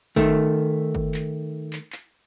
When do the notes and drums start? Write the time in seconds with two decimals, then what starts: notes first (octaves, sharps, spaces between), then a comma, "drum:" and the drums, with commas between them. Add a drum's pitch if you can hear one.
0.16 D#3 A3, drum: kick
0.95 drum: kick
1.14 drum: clap
1.73 drum: clap
1.92 drum: clap